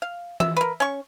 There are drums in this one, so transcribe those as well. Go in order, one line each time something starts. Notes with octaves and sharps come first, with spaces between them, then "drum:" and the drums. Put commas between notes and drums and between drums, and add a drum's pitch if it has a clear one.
F5
E5, drum: tom E3
A#4 B4
C#4 C#6